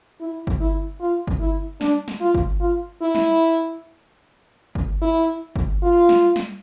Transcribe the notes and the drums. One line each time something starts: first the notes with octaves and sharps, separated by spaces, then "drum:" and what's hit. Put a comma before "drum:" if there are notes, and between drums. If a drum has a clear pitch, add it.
E4
drum: kick G1
E4
F4
drum: kick G1
E4
D4, drum: snare
drum: snare
F4
drum: kick G1
F4
E4
drum: snare
drum: kick G1
E4
drum: kick G1
F4
drum: snare
drum: snare